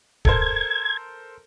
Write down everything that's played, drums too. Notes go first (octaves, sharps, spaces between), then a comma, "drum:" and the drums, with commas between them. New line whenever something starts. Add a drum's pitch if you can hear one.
A4 A#4 C5 G#6, drum: kick